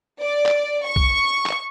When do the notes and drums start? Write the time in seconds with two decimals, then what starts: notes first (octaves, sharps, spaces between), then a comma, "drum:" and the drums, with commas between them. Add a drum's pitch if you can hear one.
0.21 D5
0.46 drum: clap
0.86 C#6
0.96 drum: kick
1.46 drum: clap